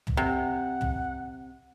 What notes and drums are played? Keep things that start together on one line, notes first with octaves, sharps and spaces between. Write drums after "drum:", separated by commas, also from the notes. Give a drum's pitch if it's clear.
drum: tom
C3 F#5
drum: tom